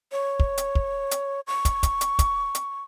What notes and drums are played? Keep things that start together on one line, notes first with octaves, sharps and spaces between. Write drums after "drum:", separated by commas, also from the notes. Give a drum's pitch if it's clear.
C#5
drum: kick
drum: hi-hat
drum: kick
drum: hi-hat
C#6
drum: kick, hi-hat
drum: kick, hi-hat
drum: hi-hat
drum: kick, hi-hat
drum: hi-hat